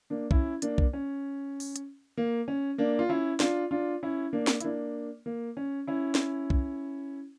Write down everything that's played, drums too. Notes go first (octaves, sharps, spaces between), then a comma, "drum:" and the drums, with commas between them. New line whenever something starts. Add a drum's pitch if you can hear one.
A#3 D4
C#4 E4, drum: kick C2
A#3 D4, drum: hi-hat
drum: kick C2
C#4
drum: open hi-hat
drum: hi-hat
A#3
C#4
A#3 D4
F4
C#4 E4
D4 F4, drum: snare
D4 F4
C#4 E4
A#3 D4
drum: snare
E4, drum: hi-hat
A#3 D4
A#3
C#4
C#4 E4
drum: snare
drum: kick C2